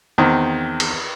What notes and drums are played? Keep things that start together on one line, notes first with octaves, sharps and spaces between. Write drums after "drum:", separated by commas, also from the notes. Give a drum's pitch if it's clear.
E2 D#3 C4
drum: cymbal